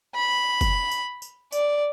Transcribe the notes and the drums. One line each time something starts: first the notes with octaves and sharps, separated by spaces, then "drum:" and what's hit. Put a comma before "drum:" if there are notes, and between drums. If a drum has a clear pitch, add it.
B5
drum: kick F#1, tambourine
drum: tambourine
drum: tambourine
D5, drum: tambourine